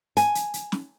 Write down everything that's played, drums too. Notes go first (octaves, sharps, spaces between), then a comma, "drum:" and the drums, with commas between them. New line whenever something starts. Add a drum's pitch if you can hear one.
G#5, drum: hi-hat
drum: hi-hat
drum: hi-hat
drum: snare